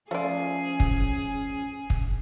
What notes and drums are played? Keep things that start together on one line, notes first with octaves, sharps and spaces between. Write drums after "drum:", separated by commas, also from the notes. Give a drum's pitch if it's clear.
F3 A3 C#4 G#4 D5
drum: kick
drum: kick